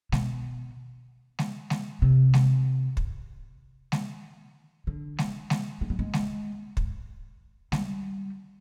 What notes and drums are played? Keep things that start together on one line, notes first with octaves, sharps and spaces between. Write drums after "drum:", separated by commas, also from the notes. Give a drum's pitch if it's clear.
B2, drum: snare G#3
drum: snare G#3
drum: snare G#3
C3
drum: snare G#3
drum: kick
drum: snare G#3
D3
drum: snare G#3
drum: snare G#3
G#3
G3
G#3
drum: snare G#3
drum: kick
G3, drum: snare G#3